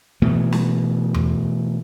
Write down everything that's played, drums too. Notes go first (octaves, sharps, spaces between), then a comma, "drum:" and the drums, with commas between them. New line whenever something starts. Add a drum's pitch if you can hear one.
B2 E3 A3
drum: snare
drum: tom E2